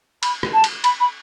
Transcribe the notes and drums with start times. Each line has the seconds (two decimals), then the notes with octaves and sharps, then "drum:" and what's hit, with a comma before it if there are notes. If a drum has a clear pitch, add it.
0.23 B5, drum: cymbal
0.43 drum: rim click
0.54 A5
0.64 drum: cymbal
0.84 B5, drum: cymbal
1.00 B5